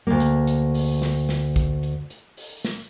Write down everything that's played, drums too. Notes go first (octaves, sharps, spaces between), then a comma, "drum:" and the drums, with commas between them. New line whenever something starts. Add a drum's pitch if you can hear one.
D2 A#3
drum: hi-hat
drum: hi-hat
drum: open hi-hat
drum: snare
drum: snare
drum: kick, hi-hat
drum: hi-hat
drum: hi-hat
drum: open hi-hat
drum: snare